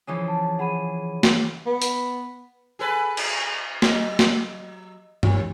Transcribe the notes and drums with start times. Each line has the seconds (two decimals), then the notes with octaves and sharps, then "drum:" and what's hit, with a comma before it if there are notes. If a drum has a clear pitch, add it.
0.07 C#3 E3 F3
0.28 A5
0.59 G#4 F#5 B5 D#7
1.23 drum: snare
1.66 B3
1.82 drum: hi-hat
2.79 G#4 A4 B4
3.17 drum: cymbal
3.82 F#3 D#5, drum: snare
4.19 drum: snare
5.23 D#2 E3, drum: tom G2